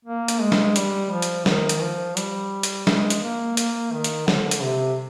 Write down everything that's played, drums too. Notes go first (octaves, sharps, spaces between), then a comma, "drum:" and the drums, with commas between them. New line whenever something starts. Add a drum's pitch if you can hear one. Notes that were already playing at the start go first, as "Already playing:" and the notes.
A#3
drum: hi-hat
G#3
drum: snare
G3, drum: hi-hat
F3
drum: hi-hat
D#3, drum: snare
drum: hi-hat
F3
G3, drum: hi-hat
drum: hi-hat
G#3, drum: snare
drum: hi-hat
A#3
A#3, drum: hi-hat
D#3
drum: hi-hat
D3, drum: snare
drum: hi-hat
C3